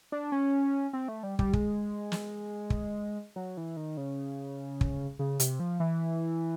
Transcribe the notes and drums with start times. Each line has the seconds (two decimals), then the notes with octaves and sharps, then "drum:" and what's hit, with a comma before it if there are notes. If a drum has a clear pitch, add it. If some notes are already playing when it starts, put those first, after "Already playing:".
0.12 D4
0.32 C#4
0.93 C4
1.08 A3
1.23 G3
1.39 G3, drum: kick
1.53 G#3, drum: kick
2.12 drum: snare
2.70 drum: kick
3.36 F#3
3.57 E3
3.77 D#3
3.97 C#3
4.81 drum: kick
5.19 C#3
5.40 C3, drum: hi-hat
5.60 F3
5.80 E3